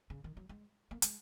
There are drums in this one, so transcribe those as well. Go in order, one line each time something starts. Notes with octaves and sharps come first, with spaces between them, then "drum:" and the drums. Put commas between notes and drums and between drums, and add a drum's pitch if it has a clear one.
C#3
D#3
F#3
G#3
A#3
G#3, drum: hi-hat